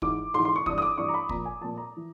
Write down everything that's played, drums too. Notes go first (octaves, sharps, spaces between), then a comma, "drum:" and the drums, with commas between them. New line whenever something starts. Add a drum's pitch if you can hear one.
G#2 E3 D6, drum: kick
G#2 E3 C6
C6
C#6
G2 E3 D#6, drum: kick
D#6
D6
G2 E3 C#6
A#5
B5
A#2 F3 A#5, drum: kick
G#5
A#2 F3 A5
A#5
E3